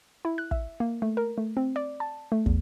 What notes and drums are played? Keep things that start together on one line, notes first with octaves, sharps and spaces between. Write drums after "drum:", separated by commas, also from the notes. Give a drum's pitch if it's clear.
E4
F#6
E5, drum: kick
A#3
A3
A#4
A3
C4
D5
A5
A3
E2, drum: kick